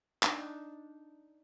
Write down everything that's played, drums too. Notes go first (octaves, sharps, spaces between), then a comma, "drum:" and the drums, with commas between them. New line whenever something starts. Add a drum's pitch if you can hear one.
D4 D#4, drum: clap